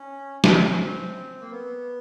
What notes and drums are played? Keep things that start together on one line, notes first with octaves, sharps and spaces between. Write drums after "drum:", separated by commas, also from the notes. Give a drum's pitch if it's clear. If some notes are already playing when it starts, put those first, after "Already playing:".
Already playing: C#4
C4, drum: snare
D4
C#4
C4
A#3
B3